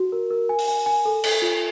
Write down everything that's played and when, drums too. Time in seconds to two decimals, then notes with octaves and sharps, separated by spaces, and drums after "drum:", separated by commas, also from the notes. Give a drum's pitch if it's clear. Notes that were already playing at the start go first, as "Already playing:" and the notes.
Already playing: F#4
0.12 A#4
0.30 A#4
0.49 G#5
0.59 drum: open hi-hat
0.68 G#5
0.86 G#5
1.05 A4
1.24 A4, drum: cymbal
1.42 F4